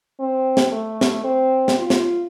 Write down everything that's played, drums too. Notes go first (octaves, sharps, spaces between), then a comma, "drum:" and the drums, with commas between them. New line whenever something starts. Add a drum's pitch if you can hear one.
C4
drum: snare
A3
drum: snare
C4
drum: snare
F4
drum: snare